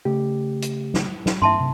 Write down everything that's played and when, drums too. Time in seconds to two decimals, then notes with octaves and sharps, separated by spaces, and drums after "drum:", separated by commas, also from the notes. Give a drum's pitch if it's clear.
0.05 C#3 A3 G4
0.62 drum: hi-hat
0.94 drum: snare
1.26 drum: snare
1.42 E5 A5 C6, drum: tom G2
1.60 C3